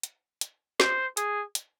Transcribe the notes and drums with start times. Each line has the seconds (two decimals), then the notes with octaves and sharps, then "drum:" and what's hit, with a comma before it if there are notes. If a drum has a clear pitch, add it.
0.03 drum: hi-hat
0.41 drum: hi-hat
0.80 C5, drum: snare
1.17 G#4, drum: hi-hat
1.55 drum: hi-hat